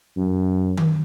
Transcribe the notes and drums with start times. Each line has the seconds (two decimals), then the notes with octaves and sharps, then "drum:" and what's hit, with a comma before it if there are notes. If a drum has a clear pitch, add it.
0.17 F#2
0.77 drum: tom D#3